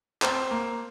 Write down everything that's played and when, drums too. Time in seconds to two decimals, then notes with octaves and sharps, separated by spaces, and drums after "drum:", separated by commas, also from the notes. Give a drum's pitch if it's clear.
0.22 C4, drum: clap
0.51 A#3